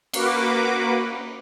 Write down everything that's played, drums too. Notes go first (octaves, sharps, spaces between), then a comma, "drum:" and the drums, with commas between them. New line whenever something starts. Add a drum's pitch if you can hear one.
A#3 F#4 B4 D6, drum: cymbal